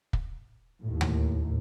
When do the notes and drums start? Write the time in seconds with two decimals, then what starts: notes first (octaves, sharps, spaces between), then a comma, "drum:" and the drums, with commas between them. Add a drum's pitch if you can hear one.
0.13 drum: kick
0.83 D#2 A2
1.01 drum: tom D2